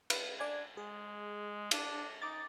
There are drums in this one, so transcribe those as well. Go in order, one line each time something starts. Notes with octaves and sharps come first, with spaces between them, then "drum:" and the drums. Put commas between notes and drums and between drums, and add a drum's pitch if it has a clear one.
B4, drum: cymbal
D4 D5 G#5 G#6
G#3 G#4
D4, drum: cymbal
D#4 D6 A6